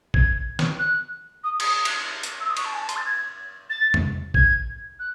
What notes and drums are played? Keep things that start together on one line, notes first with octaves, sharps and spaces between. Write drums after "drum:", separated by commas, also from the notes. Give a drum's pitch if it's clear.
G#6, drum: kick A1
drum: snare
F#6
D#6
D#6, drum: cymbal
drum: cymbal
drum: hi-hat
E6
D#6
C#6, drum: cymbal
A5
G#5
A5
C6, drum: hi-hat
A6
G#6
A6
drum: tom E2
G#6, drum: kick A1
F#6